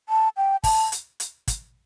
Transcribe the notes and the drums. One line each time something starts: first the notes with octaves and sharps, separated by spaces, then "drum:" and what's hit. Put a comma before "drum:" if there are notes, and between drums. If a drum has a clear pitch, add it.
A5
G5
A5, drum: kick, open hi-hat
drum: hi-hat
drum: hi-hat
drum: kick, hi-hat